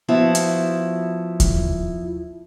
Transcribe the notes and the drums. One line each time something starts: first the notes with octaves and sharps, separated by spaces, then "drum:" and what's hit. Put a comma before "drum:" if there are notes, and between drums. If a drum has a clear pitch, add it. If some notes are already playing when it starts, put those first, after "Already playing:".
F3 B3 E4 F#4
drum: hi-hat
drum: kick D#2, hi-hat